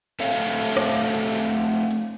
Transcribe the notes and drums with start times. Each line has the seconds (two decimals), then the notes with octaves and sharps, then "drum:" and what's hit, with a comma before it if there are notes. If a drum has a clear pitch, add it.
0.20 A3 C4 A4 C#5 F5, drum: open hi-hat
0.39 drum: hi-hat
0.58 drum: hi-hat
0.77 drum: rim click
0.96 drum: hi-hat
1.15 drum: hi-hat
1.34 drum: hi-hat
1.53 drum: hi-hat
1.72 drum: open hi-hat
1.91 drum: hi-hat